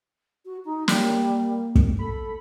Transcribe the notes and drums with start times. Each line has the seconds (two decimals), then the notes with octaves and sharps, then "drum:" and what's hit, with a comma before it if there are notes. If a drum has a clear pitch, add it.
0.45 F#4
0.65 D#4
0.88 G3 A#3, drum: snare
1.75 drum: kick
1.99 A4 B5